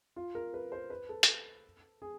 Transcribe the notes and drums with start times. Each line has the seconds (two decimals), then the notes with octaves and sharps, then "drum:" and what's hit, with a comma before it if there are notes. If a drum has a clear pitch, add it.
0.16 F4
0.35 A#4
0.54 B4
0.72 C5
0.90 B4
1.09 A4
1.23 drum: hi-hat
2.02 G#4